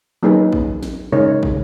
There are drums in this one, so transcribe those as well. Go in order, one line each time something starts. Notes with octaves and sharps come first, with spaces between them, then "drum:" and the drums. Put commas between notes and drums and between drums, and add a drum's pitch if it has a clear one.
F#3 A#3 D#4 G#4 B4
drum: kick
drum: snare
C#3 G#3 D#4 A#4 C#5
drum: kick